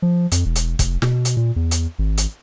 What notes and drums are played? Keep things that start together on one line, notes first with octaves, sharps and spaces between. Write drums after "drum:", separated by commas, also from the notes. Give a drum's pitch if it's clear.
F3
F2, drum: hi-hat
E1
drum: hi-hat
F1, drum: kick, hi-hat
B2, drum: snare
drum: hi-hat
A#2
E2
drum: hi-hat
G#1
drum: hi-hat